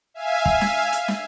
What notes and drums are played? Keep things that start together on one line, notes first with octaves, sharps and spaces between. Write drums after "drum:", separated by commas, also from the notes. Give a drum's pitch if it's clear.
E5 F5 G#5
drum: kick
drum: snare
drum: hi-hat
drum: snare